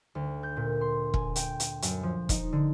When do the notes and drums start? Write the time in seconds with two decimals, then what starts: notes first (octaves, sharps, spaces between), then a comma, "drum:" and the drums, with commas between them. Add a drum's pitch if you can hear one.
0.15 D2
0.43 G6
0.57 A#2
0.81 C6
1.14 G#5, drum: kick E1
1.36 G5, drum: hi-hat
1.60 drum: hi-hat
1.82 F#2, drum: hi-hat
2.03 F3
2.29 D#4, drum: kick E1, hi-hat
2.53 D3